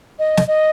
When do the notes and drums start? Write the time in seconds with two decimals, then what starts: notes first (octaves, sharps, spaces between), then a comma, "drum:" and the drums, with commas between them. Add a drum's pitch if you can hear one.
0.19 D#5
0.37 drum: snare
0.48 D#5